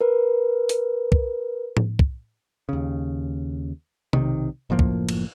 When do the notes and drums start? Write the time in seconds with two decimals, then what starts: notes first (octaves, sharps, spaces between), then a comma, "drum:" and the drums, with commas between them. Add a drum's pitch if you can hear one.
0.01 A#4 B4
0.69 drum: hi-hat
1.12 drum: kick
1.77 drum: tom A2
1.99 drum: kick
2.69 D#2 C#3
4.13 B1 C3 D#3, drum: tom C3
4.70 F#1 A2 F3 A#3
4.79 drum: kick
5.09 drum: cymbal